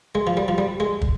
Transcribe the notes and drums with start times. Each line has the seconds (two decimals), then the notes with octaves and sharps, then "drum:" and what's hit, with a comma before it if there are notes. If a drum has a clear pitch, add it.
0.15 G#3
0.27 F3
0.37 G3
0.48 F3
0.58 G3
0.80 G#3
1.01 drum: kick